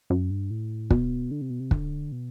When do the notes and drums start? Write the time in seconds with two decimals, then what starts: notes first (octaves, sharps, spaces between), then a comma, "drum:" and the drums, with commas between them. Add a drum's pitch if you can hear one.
0.10 F#2
0.31 G2
0.51 A2
0.90 B2, drum: kick
1.31 D3
1.42 C3
1.50 B2
1.60 C3
1.71 D3, drum: kick
2.12 B2